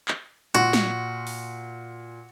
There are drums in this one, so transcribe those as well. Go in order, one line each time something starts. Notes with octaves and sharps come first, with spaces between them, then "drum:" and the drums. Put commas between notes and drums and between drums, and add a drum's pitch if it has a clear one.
drum: clap
A#2 F#4 F#5 C6, drum: hi-hat
drum: snare
drum: open hi-hat